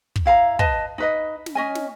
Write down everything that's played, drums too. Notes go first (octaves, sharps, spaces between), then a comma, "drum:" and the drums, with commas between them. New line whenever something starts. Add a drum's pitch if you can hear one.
drum: kick
E4 F5 G#5 A#5
B4 D#5 A5, drum: kick
D#4 B4 D#5
drum: snare
C#4 D#5 G#5
drum: snare